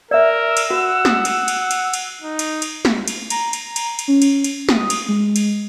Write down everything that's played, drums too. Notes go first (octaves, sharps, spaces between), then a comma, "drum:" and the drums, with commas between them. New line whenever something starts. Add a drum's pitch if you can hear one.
A#4 D5 E5 E6
drum: cymbal
F#4 F#5
D#6, drum: snare
drum: cymbal
drum: cymbal
drum: cymbal
drum: cymbal
D#4
drum: cymbal
drum: cymbal
drum: snare
drum: cymbal
A#5, drum: cymbal
drum: cymbal
drum: cymbal
drum: cymbal
C#4
drum: cymbal
drum: cymbal
D#6, drum: snare
drum: cymbal
G#3
drum: cymbal